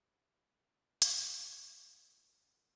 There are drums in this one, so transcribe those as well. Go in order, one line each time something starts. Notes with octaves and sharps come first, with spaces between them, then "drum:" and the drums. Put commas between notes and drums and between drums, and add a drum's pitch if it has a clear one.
D3 E4 G4
drum: hi-hat